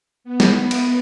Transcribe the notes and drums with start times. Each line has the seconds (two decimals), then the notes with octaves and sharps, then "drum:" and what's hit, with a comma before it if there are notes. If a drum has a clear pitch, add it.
0.24 B3
0.40 drum: snare
0.71 drum: cymbal